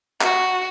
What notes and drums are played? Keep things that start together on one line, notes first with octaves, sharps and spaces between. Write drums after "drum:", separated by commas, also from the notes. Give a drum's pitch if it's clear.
F#4, drum: clap